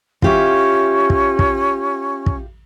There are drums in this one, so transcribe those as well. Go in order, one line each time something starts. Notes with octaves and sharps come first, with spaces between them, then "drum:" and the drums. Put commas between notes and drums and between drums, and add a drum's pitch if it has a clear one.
C#4 F4 G4 E5, drum: kick
drum: kick
drum: kick
drum: kick